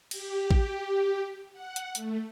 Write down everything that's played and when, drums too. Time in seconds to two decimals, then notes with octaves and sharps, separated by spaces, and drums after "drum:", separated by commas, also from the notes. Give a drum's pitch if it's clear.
0.11 G4, drum: cymbal
0.51 drum: kick A1
1.52 F#5
1.76 drum: hi-hat
1.95 A3, drum: hi-hat